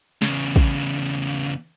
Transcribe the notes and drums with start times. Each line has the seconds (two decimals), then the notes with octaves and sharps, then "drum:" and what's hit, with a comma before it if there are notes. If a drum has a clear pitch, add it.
0.22 E2 C#3, drum: snare
0.56 drum: kick
1.06 drum: hi-hat